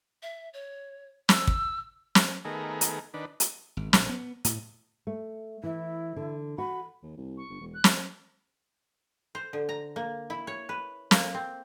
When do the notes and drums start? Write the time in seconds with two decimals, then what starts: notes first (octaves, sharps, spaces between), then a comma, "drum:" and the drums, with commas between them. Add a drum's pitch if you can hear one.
0.23 E5
0.54 C#5
1.29 E6, drum: snare
1.47 drum: kick
2.15 drum: snare
2.45 D#3 A3 B3 G#4 A#4
2.81 drum: hi-hat
3.14 D#3 D4 B4
3.40 drum: hi-hat
3.77 G#1
3.93 A#1, drum: snare
4.09 B3
4.45 A2, drum: hi-hat
5.07 A3
5.63 E3 E4
6.16 D3
6.58 F#4 B5
7.03 D#2
7.17 C2
7.37 C#6
7.49 G1
7.61 E1
7.74 F#6
7.84 drum: snare
9.35 C5
9.53 D3
9.69 A#5
9.96 A#3
10.30 E4
10.47 C#5
10.69 B4
11.11 A#3, drum: snare
11.34 C4